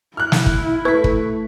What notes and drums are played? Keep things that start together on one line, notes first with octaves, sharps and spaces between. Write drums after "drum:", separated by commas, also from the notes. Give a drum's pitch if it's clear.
E4 F6 F#6
drum: snare
drum: kick
A3 B4 C#6 B6
drum: kick